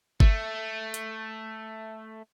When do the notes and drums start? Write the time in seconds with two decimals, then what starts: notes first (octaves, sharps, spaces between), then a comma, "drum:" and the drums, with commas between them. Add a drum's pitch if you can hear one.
0.20 A3, drum: kick G1
0.94 drum: hi-hat